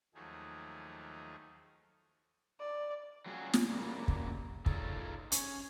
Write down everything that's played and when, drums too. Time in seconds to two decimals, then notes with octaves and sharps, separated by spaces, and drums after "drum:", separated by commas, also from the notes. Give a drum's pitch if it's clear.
0.14 D#2 F3 F#3 A3 D#4 G#4
2.60 D5
3.26 F#3 G3 C#4 F4 F#4 G#4
3.53 drum: snare
3.69 A#2 C#3 F#3 G3 A#3
4.08 drum: kick
4.66 D#4 F4 G#4 A4 C#5 D5, drum: kick
5.32 C#4, drum: hi-hat